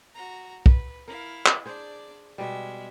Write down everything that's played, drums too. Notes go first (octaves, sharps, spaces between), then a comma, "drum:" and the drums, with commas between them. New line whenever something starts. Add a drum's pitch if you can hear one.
F#4 A#5
B4, drum: kick
E4 A#4 F5
drum: clap
D4 G#4 C5 D5
B2 G3 G#3 E5